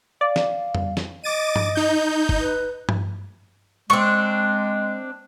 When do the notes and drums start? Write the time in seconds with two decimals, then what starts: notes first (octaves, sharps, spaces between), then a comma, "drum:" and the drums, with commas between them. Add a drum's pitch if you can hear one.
0.21 D5 F5
0.36 drum: snare
0.75 drum: tom
0.97 drum: snare
1.24 D#5 D6 A6 D#7
1.56 drum: tom G2
1.75 D#4 G6
2.29 drum: kick
2.40 B4
2.89 drum: tom G2
3.90 G#3 C4 D4 C#6